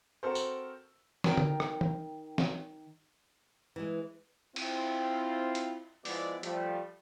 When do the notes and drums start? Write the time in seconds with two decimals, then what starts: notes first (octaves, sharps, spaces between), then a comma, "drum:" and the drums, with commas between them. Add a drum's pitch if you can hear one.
0.23 C4 F#4 A4 A#4 C5
0.35 drum: tambourine
1.24 D#3 A#4 G5, drum: snare
1.37 drum: tom D3
1.60 drum: rim click
1.81 drum: tom
2.38 drum: snare
3.76 E3 G#3
4.56 C4 E4 F4, drum: cymbal
5.55 drum: hi-hat
6.05 F3 G#3 B3 E4 D5, drum: open hi-hat
6.43 F3 G3 A3, drum: hi-hat